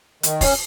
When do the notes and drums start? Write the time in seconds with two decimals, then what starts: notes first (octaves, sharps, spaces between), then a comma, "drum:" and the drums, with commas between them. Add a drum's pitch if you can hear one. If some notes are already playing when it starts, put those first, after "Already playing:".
0.23 D#3, drum: hi-hat
0.41 C#4, drum: kick, open hi-hat